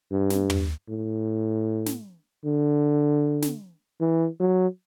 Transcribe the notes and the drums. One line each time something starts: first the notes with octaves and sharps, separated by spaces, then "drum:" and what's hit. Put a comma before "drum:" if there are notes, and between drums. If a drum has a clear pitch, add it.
G2
drum: snare
drum: tom
A2
drum: snare
D3
drum: snare
E3
F#3